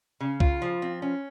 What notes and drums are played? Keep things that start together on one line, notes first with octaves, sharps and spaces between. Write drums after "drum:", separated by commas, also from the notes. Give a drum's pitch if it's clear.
C#3
F4, drum: kick
F3
C4
C#4